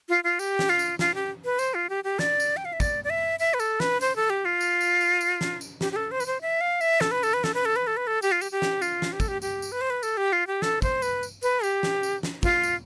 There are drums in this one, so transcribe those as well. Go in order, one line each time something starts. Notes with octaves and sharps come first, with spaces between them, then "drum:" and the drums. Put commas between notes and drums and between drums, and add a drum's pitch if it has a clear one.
F4
F4
G4, drum: tambourine
drum: snare
F4
drum: tambourine
F4, drum: snare
G4
B4
C5, drum: tambourine
F4
G4
G4
D5, drum: snare
drum: tambourine
G5
F5
E5
D5, drum: kick, tambourine
D5
E5
E5, drum: tambourine
B4
A4, drum: tambourine
B4, drum: snare
C5, drum: tambourine
A4
G4
F4
drum: tambourine
drum: tambourine
drum: tambourine
drum: tambourine
drum: snare
drum: tambourine
G4, drum: snare
G4
A4
C5
B4, drum: tambourine
C5
E5
F5
E5, drum: tambourine
A4, drum: snare
B4
A4, drum: tambourine
B4
A4, drum: snare
B4
A4
B4
A4
B4
A4
G4, drum: tambourine
F4
G4, drum: tambourine
G4
drum: snare
F4, drum: tambourine
drum: snare
G4
A4, drum: kick, tambourine
G4
G4, drum: tambourine
drum: tambourine
B4
C5
B4
A4, drum: tambourine
G4
F4
G4
A4, drum: snare
C5, drum: kick, tambourine
B4, drum: tambourine
drum: tambourine
B4, drum: tambourine
G4, drum: tambourine
drum: snare
drum: tambourine
drum: snare
F4, drum: kick, tambourine
drum: tambourine